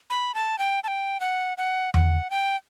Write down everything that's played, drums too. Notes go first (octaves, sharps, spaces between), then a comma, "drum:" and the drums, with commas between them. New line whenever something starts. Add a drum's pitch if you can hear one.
B5
A5
G5
A5
G5
F#5
F#5
F#5, drum: tom E2
G5